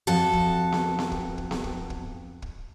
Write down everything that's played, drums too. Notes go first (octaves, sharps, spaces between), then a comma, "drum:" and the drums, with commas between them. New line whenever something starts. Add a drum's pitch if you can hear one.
F2 F#4 A4 A5
drum: kick
drum: snare B3
drum: snare B3
drum: kick
drum: kick
drum: snare B3
drum: kick
drum: kick
drum: kick